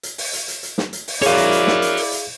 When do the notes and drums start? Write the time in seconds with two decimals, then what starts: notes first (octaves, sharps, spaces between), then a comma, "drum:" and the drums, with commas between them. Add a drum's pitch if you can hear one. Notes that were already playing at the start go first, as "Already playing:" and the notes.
0.03 drum: hi-hat
0.18 drum: open hi-hat
0.33 drum: hi-hat
0.48 drum: hi-hat
0.63 drum: hi-hat
0.78 drum: snare
0.93 drum: hi-hat
1.08 drum: open hi-hat
1.22 E4 G#4 A#4 C#5 D5 F5, drum: hi-hat
1.37 drum: hi-hat
1.52 drum: hi-hat
1.67 drum: snare
1.82 drum: hi-hat
1.97 drum: open hi-hat
2.12 drum: hi-hat